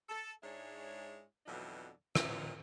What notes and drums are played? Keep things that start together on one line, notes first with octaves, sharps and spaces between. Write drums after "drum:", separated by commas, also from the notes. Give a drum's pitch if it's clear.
A4
G#2 G#3 D4 E4 C#5
F2 B2 D3 E3 F#3 D#4
A#2 F3 B3 D#4 B4 C#5, drum: rim click